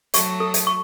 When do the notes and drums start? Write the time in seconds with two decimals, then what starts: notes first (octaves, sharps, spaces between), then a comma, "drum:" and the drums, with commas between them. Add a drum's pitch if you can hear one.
0.14 F#3 A3 C#6, drum: hi-hat
0.40 A4
0.54 drum: hi-hat
0.67 C#6